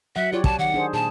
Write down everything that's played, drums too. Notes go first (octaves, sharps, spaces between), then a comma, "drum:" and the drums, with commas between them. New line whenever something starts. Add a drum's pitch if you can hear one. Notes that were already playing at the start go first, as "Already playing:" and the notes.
F#3 E5 F#5
F4 G4 C#5 D5
A5, drum: kick
D#3 F#5
D4 G#4 C5
A#2 G#4 A5